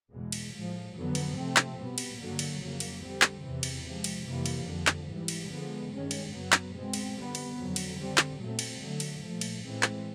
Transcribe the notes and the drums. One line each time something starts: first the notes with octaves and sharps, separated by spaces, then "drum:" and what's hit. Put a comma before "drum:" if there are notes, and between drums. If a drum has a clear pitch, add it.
E2 B2 G#3
drum: cymbal
A2 F3 G#3
F2 D3 F#3 B3
drum: cymbal
C3 F3 A3 C4
drum: clap
B2 G3 B3
drum: cymbal
G2 D3 F#3 A#3
drum: cymbal
F2 C#3 F#3 A#3
drum: cymbal
D3 G3 C4
drum: clap
E2 C3 E3
drum: cymbal
C3 F3 G#3
drum: cymbal
F2 C3 E3 G3 A#3
drum: cymbal
F2 D3 F3
drum: clap
G#2 E3 G3
drum: cymbal
D3 F3 G#3 B3
G2 D#3 G#3 C#4
drum: cymbal
F#2 C#3 F#3 B3
drum: clap
B2 G#3 C4
drum: cymbal
D3 G3 B3
drum: cymbal
F2 D3 F#3
drum: cymbal
D3 G3 C4
drum: clap
A#2 F#3 A3 C4
drum: cymbal
D3 F#3 A3
drum: cymbal
A#2 F3 A3
drum: cymbal
A2 E3 G#3 C4
drum: clap